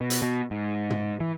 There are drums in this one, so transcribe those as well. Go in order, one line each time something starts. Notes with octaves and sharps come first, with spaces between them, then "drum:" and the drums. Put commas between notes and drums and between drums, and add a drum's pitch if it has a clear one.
B2
drum: hi-hat
B2
G#2
drum: tom
E3